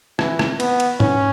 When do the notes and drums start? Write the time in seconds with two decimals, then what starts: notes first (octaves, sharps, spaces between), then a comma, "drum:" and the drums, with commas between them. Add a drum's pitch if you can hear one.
0.19 E3, drum: rim click
0.39 drum: rim click
0.60 B3, drum: cymbal
0.80 drum: cymbal
1.00 C#4, drum: tom G#2